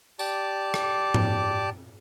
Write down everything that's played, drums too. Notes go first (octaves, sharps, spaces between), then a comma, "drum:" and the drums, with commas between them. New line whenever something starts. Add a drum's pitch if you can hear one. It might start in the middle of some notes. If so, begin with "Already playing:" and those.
G4 D5 A5 D6, drum: tambourine
drum: rim click
drum: tom G#2